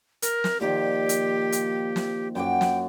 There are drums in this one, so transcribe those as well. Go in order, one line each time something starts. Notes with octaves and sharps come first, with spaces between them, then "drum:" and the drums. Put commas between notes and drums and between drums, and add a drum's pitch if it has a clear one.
A#4, drum: hi-hat
drum: snare
A#2 D#3 F3 G4
drum: hi-hat
drum: hi-hat
drum: snare
F#2 F#4 G5 D6
drum: snare